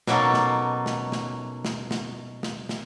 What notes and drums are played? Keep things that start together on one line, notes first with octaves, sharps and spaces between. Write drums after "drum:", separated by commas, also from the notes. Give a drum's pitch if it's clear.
B2 F#3 A#3 C#4 D#4 A4, drum: snare
drum: snare
drum: snare
drum: snare
drum: snare
drum: snare
drum: snare
drum: snare